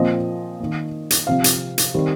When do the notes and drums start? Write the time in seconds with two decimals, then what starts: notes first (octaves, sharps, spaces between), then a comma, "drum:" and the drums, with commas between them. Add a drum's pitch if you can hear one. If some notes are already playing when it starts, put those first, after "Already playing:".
Already playing: A#2 F3 C4 D#5
0.60 D#3 A#3
1.10 drum: hi-hat
1.27 C3 F3 C4 F5
1.44 drum: hi-hat
1.78 drum: hi-hat
1.94 D#3 G3 C4